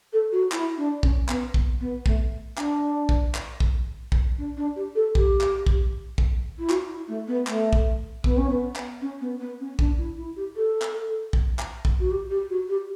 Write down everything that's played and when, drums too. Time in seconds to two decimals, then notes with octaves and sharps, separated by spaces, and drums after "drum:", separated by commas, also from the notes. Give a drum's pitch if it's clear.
0.13 A4
0.32 F#4
0.52 E4, drum: clap
0.77 D4
1.03 C#4, drum: kick
1.29 B3, drum: clap
1.54 drum: kick
1.80 B3
2.06 A3, drum: kick
2.58 D4, drum: clap
3.09 drum: kick
3.35 drum: clap
3.60 drum: kick
4.12 drum: kick
4.38 D4
4.57 D4
4.76 G4
4.95 A4
5.15 G4, drum: kick
5.41 drum: clap
5.67 drum: kick
6.18 drum: kick
6.59 E4
6.70 F#4, drum: clap
6.89 E4
7.08 A3
7.28 B3
7.47 A3, drum: clap
7.73 drum: kick
8.24 B3, drum: kick
8.37 C#4
8.50 B3
8.76 drum: clap
9.01 C#4
9.21 B3
9.40 B3
9.60 C#4
9.79 D4, drum: kick
9.98 E4
10.17 E4
10.36 G4
10.56 A4
10.82 drum: clap
11.33 drum: kick
11.59 drum: clap
11.85 drum: kick
12.00 F#4
12.11 G4
12.30 G4
12.50 F#4
12.69 G4